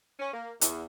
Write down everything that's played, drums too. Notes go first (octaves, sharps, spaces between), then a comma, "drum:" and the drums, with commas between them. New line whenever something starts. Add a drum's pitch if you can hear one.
C#4
A#3
E2, drum: hi-hat